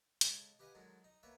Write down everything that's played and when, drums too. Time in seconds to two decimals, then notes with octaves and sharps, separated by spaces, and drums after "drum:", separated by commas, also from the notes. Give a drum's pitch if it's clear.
0.21 C#3 G#3 A4, drum: hi-hat
0.59 G4 B4 D#5 F5 F#5 G#5
0.75 D3 D#3 F#3 G#3
1.04 D#4
1.23 A#3 B3 B4 C#5 E5